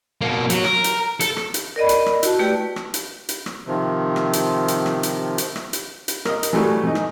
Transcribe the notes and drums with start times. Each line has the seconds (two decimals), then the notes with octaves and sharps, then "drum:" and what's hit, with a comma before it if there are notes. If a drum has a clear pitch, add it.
0.21 B2 A#3
0.50 F#3, drum: hi-hat
0.65 A#4, drum: rim click
0.84 drum: hi-hat
1.21 A4, drum: hi-hat
1.37 drum: rim click
1.54 drum: hi-hat
1.76 A#4 D5 D#5 B5
1.89 drum: hi-hat
2.06 drum: rim click
2.23 E4 F#4 A5, drum: hi-hat
2.39 A3 G4 B4 D5 G5
2.76 drum: rim click
2.94 drum: hi-hat
3.29 drum: hi-hat
3.46 drum: rim click
3.67 C3 D#3 F3
4.16 drum: rim click
4.33 drum: hi-hat
4.68 drum: hi-hat
4.86 drum: rim click
5.03 drum: hi-hat
5.38 drum: hi-hat
5.56 drum: rim click
5.73 drum: hi-hat
6.08 drum: hi-hat
6.25 A#4 D#5, drum: rim click
6.43 drum: hi-hat
6.53 E3 F#3 G3 A3
6.84 E3 D#4
6.95 drum: rim click